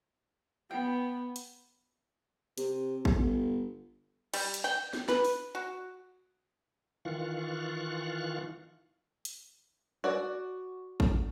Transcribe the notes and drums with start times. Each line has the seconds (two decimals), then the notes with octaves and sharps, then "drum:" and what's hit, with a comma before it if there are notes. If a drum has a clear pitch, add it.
0.71 B3 G5
1.36 drum: hi-hat
2.58 C3, drum: hi-hat
3.05 drum: kick
3.15 G1
4.34 G3, drum: cymbal
4.54 drum: hi-hat
4.64 G5
4.93 drum: snare
5.09 B4, drum: snare
5.25 drum: open hi-hat
5.55 F#4
7.05 D#3 E3 F4 F5 C#6 F#6
9.25 drum: hi-hat
10.04 F#4 D5
11.00 drum: kick